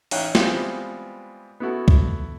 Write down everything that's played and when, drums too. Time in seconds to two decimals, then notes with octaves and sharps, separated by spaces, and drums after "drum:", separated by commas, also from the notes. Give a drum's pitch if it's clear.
0.11 A1 D#4 C#5 F5 G5 F#6, drum: open hi-hat
0.35 E3 G3 G#3 B3 C4 F4, drum: snare
1.60 B3 E4 F#4 A4
1.88 drum: kick